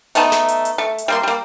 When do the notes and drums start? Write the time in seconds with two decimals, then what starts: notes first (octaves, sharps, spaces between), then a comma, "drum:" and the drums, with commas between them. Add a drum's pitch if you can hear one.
0.15 A3 B3 D#4 A5, drum: hi-hat
0.32 drum: snare
0.48 drum: hi-hat
0.65 drum: hi-hat
0.78 A3
0.98 drum: hi-hat
1.08 G3 A#3 C6
1.23 G3 A#3